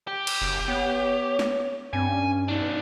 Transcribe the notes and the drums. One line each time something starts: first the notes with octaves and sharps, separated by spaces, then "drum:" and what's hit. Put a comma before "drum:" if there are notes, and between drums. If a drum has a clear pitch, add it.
G4
drum: cymbal
F#1
B3 C#5
drum: snare
G2 C4 G#5
C#4
B2 D4 D#4